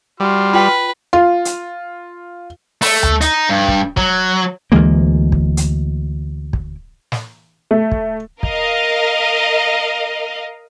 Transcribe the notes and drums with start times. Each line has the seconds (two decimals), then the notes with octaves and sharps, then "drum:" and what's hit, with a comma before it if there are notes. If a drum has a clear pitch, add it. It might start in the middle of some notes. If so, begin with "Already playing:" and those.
0.20 G3 F#4 C6 F6
0.53 F4 B4 G5
1.13 F4
1.45 drum: hi-hat
2.82 A3, drum: open hi-hat
3.03 drum: tom D2
3.21 D#4, drum: hi-hat
3.49 G2
3.68 drum: kick
3.97 F#3, drum: kick
4.72 D2 E3 G#3 A#3
5.32 drum: kick
5.57 drum: hi-hat
6.53 drum: kick
7.12 drum: snare
7.71 A3
7.92 drum: kick
8.43 A#4 D#5 F5, drum: kick